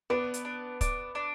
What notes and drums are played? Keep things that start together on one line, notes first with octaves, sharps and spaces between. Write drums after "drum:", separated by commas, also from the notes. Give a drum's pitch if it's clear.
B3 D4 B4
drum: hi-hat
D4
D4, drum: kick, hi-hat
D4